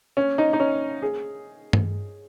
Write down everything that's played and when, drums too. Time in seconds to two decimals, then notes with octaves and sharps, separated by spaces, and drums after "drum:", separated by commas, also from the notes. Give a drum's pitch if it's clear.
0.17 C#4
0.38 D#4
0.53 D#4
0.60 C#4
1.02 G#4
1.73 drum: tom G2